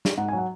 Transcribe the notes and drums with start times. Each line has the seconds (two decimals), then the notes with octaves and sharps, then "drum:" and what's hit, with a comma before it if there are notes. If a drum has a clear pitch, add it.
0.05 drum: snare
0.17 G#2 F#5
0.28 G#5
0.33 F#3
0.38 F#5